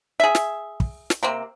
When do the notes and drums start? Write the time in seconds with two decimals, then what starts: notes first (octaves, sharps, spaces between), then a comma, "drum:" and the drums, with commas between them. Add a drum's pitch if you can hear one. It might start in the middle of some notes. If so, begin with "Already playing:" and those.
0.20 G#4 E5
0.35 drum: snare
0.80 drum: kick
1.10 drum: snare
1.23 C3 A#3 C4